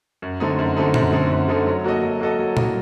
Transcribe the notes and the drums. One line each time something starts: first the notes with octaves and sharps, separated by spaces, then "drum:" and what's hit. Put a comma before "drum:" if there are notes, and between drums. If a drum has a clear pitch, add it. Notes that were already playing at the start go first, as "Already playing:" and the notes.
F#2
D3 A3 C4 D#4
F#2
D3 A3 C4 D#4
F#2, drum: tom A#2
D3 A3 C4 D#4
F#2
D3 A3 C4 D#4
F#3
A#3 F#4 A4 D#5
F#3
A#3 F#4 A4 D#5
F#3
A#3 F#4 A4 D#5, drum: tom A#2